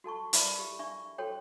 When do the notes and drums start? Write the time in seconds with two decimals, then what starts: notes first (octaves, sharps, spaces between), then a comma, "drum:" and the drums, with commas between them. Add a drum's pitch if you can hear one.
0.04 F#4 A4 A5 C#6
0.33 E4 A#4 B4 D5 E5 B5, drum: hi-hat
0.59 G4
0.79 D4 E5 C#6
1.18 F#4 A4 C5 C#5 G5